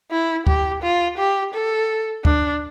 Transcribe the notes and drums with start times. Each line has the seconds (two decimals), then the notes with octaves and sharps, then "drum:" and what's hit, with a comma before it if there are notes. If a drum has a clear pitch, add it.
0.11 E4
0.47 G4, drum: kick D2
0.82 F4
1.18 G4
1.53 A4
2.25 D4, drum: kick D2